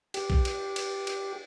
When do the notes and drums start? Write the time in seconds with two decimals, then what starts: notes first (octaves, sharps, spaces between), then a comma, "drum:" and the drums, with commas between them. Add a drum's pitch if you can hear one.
0.14 G4, drum: cymbal
0.30 drum: kick A#1
0.45 drum: cymbal
0.76 drum: cymbal
1.07 drum: cymbal